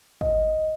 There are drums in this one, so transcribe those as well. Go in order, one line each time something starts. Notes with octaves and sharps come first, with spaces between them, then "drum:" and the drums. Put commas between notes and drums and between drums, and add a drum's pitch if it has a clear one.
D#5, drum: kick